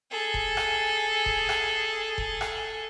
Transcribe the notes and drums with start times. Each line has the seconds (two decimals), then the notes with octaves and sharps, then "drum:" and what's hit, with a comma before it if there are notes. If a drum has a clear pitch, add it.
0.11 G#4 A4
0.34 drum: kick F1
0.57 drum: rim click
1.26 drum: kick F1
1.49 drum: rim click
2.18 drum: kick F1
2.41 drum: rim click